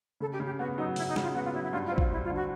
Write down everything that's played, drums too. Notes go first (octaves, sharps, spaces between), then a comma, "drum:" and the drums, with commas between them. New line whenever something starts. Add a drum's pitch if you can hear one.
C#3 A4
G4
C#3
G4
B3 F#4
F#3 D#4
C#3 E4, drum: open hi-hat
D#4
C#3, drum: snare
F4
B3 F#4
F4
F#3 E4
E4
G2 F4
F4
C4 E4
F4, drum: kick
G3 E4
F4
D3
F#4